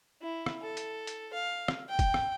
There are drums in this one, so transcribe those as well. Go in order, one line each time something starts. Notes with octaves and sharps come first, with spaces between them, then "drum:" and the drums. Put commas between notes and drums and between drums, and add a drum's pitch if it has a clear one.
E4
drum: rim click
A4
drum: hi-hat
drum: hi-hat
F5
drum: rim click
G5
drum: kick, hi-hat
drum: rim click